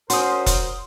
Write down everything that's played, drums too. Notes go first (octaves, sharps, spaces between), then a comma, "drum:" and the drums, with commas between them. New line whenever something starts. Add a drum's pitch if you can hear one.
C#4 F#4 A#4 C5 C6 D#6, drum: hi-hat
drum: kick E1, hi-hat